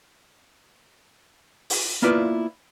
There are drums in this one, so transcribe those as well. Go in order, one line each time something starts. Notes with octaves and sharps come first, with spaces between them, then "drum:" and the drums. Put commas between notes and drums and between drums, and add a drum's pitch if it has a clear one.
drum: open hi-hat
A#3 B3 E4 F4 B4 D5